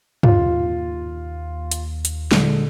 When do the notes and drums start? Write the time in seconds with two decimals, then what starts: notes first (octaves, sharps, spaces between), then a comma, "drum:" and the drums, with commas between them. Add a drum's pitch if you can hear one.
0.23 D#2 F4, drum: tom
1.71 drum: hi-hat
2.05 drum: hi-hat
2.32 A#2 D3 G#3, drum: snare